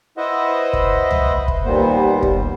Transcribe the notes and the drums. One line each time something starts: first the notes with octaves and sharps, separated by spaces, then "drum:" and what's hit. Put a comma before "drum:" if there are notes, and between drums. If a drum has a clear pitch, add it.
E4 B4 C5 D#5 E5 F#5
drum: kick
drum: tom
drum: kick
D#2 A#2 G3 A#3 B3 C5
drum: kick